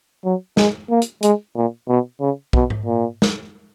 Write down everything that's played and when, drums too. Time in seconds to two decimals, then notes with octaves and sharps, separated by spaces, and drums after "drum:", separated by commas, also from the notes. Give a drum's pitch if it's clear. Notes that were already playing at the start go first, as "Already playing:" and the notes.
0.25 F#3
0.57 G#3, drum: snare
0.90 A#3
1.02 drum: hi-hat
1.22 G#3, drum: hi-hat
1.56 A#2
1.88 B2
2.21 C#3
2.53 B2, drum: kick B1
2.70 drum: tom G#2
2.86 A#2
3.22 drum: snare